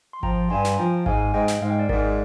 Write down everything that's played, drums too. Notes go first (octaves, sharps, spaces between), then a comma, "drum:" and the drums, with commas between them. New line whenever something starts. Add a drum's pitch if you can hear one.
C6
F3 G5 A#5, drum: kick G#1
G2 G#5 C6
drum: snare
F3 G5 A#5
G#2 F5 G#5, drum: kick G#1
G#2 D#5 G5
drum: snare
G#2 F5
G5
D5 F5
G#2 A#4 D5, drum: kick G#1